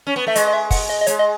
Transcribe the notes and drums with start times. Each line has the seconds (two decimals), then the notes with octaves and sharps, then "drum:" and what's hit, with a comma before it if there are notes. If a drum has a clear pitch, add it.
0.07 C#4
0.16 B3
0.27 A3 E5
0.35 G#3 D#5, drum: hi-hat
0.47 D#5
0.53 E5
0.71 F#5, drum: kick, open hi-hat
0.89 D#5
1.01 D#5
1.07 G#3 C#5, drum: hi-hat
1.19 D#5